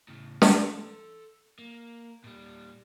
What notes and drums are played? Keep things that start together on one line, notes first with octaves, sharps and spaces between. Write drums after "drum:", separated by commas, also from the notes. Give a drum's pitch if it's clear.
A2 C#3
A4 C6, drum: snare
A#3
A#2 G3